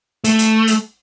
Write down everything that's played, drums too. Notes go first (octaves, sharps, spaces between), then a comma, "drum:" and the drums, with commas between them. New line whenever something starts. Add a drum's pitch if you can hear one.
A3, drum: hi-hat
drum: hi-hat
drum: hi-hat